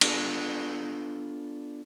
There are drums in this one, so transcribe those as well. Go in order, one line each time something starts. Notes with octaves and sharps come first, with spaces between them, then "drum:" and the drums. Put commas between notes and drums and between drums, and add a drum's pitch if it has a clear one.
B3 D4 F4 A4, drum: cymbal